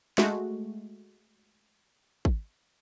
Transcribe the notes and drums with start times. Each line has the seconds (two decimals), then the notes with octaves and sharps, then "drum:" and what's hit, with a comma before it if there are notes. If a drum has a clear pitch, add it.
0.18 G#3 A3 F#4, drum: snare
2.25 drum: kick